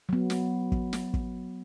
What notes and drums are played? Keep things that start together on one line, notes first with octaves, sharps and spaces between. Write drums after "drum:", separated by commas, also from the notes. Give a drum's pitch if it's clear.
F#3 B3
drum: snare
drum: kick
drum: snare
drum: kick